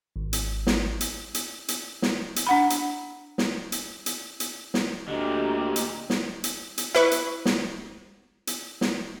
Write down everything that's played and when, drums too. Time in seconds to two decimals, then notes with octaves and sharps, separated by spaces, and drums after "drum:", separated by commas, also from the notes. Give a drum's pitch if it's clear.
0.16 G#1
0.33 drum: hi-hat
0.67 drum: snare
1.01 drum: hi-hat
1.34 drum: hi-hat
1.68 drum: hi-hat
2.02 drum: snare
2.36 drum: hi-hat
2.47 D4 F#5 B5
2.70 drum: hi-hat
3.38 drum: snare
3.72 drum: hi-hat
4.06 drum: hi-hat
4.40 drum: hi-hat
4.74 drum: snare
5.08 D2 A#2 D3 G4 D#5
5.76 drum: hi-hat
6.10 drum: snare
6.44 drum: hi-hat
6.78 drum: hi-hat
6.95 E4 B4 C#6
7.12 drum: hi-hat
7.45 drum: snare
8.47 drum: hi-hat
8.81 drum: snare